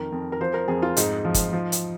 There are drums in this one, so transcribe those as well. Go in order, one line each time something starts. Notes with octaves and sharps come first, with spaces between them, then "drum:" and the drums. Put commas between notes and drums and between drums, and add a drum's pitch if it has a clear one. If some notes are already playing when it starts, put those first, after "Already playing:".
Already playing: F2 D#3 A#4
F2
A#4
F3 C5
A#4
F2 G#4
F4
G#2 D#4, drum: hi-hat
F3
drum: kick, hi-hat
F3
drum: hi-hat